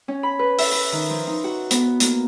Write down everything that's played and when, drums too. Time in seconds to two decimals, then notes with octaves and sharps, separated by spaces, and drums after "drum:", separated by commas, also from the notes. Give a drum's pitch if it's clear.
0.08 C#4
0.23 B5
0.39 B4
0.58 E5, drum: open hi-hat
0.72 B4
0.92 D#3
1.10 F3
1.27 D#4
1.44 F#4
1.71 B3, drum: hi-hat
2.00 A#3, drum: hi-hat